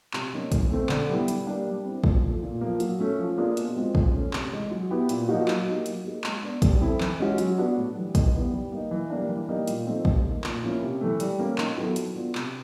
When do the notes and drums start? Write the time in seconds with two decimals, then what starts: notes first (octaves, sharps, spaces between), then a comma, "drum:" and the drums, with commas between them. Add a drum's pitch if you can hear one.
0.13 C3, drum: clap
0.33 D#3 G3 A#3 C#4
0.52 E3, drum: kick, hi-hat
0.71 A3 C4
0.89 D3, drum: clap
1.09 G3 B3 E4
1.28 G3, drum: hi-hat
1.47 A#3 D4 G4
1.67 G3
1.85 C4 E4
2.04 A#2, drum: kick
2.23 F3 A3
2.43 A#2
2.61 F3 A#3
2.80 F#3, drum: hi-hat
3.00 A3 C#4
3.19 F3
3.38 A#3 D4 F4 G#4
3.57 B2, drum: hi-hat
3.76 G#3 C4 F4
3.95 F3, drum: kick
4.14 A3 C#4
4.33 C3, drum: clap
4.52 E3 G#3
4.71 F#3
4.90 B3 E4 G4
5.09 A#2, drum: hi-hat
5.29 F3 A#3 D#4 F#4
5.48 F#3, drum: clap
5.67 A#3 D#4 G4
5.86 F#3, drum: hi-hat
6.04 A#3 D#4 G#4
6.24 G#3, drum: clap
6.43 B3 D4
6.62 G3, drum: kick, hi-hat
6.81 C4 E4 A4
7.00 E3, drum: clap
7.19 G#3 C#4 F#4
7.38 F#3, drum: hi-hat
7.58 B3 D4 F#4
7.77 A2
7.95 E3 G3
8.15 D#3, drum: kick, hi-hat
8.34 G3 B3 E4
8.53 G3
8.72 A#3 D#4
8.91 E3
9.10 G3 A#3 D4
9.29 E3
9.49 G3 A#3 D#4
9.67 A#2, drum: hi-hat
9.86 F3 A3 C4 D#4
10.05 G3, drum: kick
10.25 A#3 D#4
10.44 A#2, drum: clap
10.63 F3 A#3 C#4 E4
10.82 C3
11.01 E3 A3
11.20 G3, drum: hi-hat
11.39 A#3 C#4
11.58 D#3, drum: clap
11.77 F#3 B3 E4 A4
11.96 F#3, drum: hi-hat
12.16 B3 D4 F4
12.35 C3, drum: clap